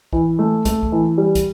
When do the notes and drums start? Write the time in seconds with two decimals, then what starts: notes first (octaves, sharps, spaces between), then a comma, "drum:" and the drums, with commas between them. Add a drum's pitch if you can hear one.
0.13 E3, drum: kick
0.39 A3
0.65 A3, drum: kick, hi-hat
0.83 drum: kick
0.92 E3
1.18 G3
1.35 drum: kick, hi-hat